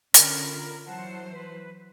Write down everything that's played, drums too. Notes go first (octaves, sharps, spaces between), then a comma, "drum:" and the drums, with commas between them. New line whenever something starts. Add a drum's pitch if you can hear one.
D3 C#4 F4 A#4 B5, drum: hi-hat
E3 F#3 C5 F#5 A5
B4